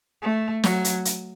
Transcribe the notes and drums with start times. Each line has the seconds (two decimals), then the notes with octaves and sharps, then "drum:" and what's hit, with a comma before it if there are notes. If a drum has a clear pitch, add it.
0.22 A3
0.64 F#3, drum: snare
0.84 drum: hi-hat
1.05 drum: hi-hat